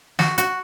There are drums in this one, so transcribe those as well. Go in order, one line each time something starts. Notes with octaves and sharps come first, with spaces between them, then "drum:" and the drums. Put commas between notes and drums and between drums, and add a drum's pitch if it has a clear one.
F#4, drum: snare
F#4, drum: hi-hat